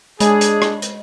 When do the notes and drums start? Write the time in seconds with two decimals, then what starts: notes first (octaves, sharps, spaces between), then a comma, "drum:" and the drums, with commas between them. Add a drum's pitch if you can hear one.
0.20 G#3 D4 G#4 D#5, drum: hi-hat
0.41 drum: hi-hat
0.62 drum: rim click
0.82 drum: hi-hat